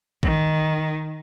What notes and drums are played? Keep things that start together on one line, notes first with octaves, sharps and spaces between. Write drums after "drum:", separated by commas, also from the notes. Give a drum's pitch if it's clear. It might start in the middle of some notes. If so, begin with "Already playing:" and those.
D#3, drum: kick A#1